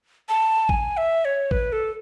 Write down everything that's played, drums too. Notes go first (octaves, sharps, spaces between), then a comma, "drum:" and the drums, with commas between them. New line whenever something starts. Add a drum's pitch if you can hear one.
A5
G#5, drum: kick A1
E5
C#5
B4, drum: kick A1
A4